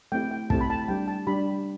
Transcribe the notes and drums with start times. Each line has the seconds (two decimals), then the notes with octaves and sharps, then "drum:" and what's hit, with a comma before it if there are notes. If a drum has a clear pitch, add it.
0.12 A3 C4 E4 G4 G5
0.31 G5
0.50 A3 C4 E4 G4 A5, drum: kick
0.61 B5
0.70 A5
0.88 G3 D4 G4 G5
1.08 A5
1.27 G3 D4 G4 B5